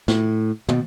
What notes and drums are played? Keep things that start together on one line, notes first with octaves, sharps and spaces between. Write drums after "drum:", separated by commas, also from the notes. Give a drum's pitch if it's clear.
A2, drum: snare
B2, drum: tom